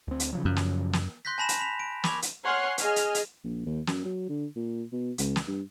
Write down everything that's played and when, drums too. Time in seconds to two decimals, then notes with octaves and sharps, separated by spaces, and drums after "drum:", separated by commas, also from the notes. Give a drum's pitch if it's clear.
0.08 D2 C4
0.20 drum: hi-hat
0.33 C#3 F3 F#3
0.45 F#2
0.56 drum: snare
0.93 drum: snare
1.25 C6 F#6 G6 A#6 B6
1.38 G#5 A5 B5 A#6 E7
1.49 drum: hi-hat
1.59 B5 B6 F7
1.79 D7
2.04 B5 C#6 D6 G#6 F7, drum: snare
2.22 drum: hi-hat
2.44 C#5 F#5 G#5 C6 F6 F#6
2.78 G#4 D#5 G#5 F6, drum: hi-hat
2.96 drum: hi-hat
3.15 drum: hi-hat
3.44 A#1
3.66 D#2
3.87 F#2, drum: snare
4.05 F#3
4.29 D3
4.56 A#2
4.92 B2
5.18 C#2, drum: hi-hat
5.36 drum: snare
5.47 G2